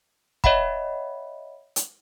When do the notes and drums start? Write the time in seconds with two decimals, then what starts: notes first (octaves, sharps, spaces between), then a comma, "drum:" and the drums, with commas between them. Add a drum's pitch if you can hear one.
0.44 C#5 D#5 E5 F#5 B5, drum: kick
1.76 drum: hi-hat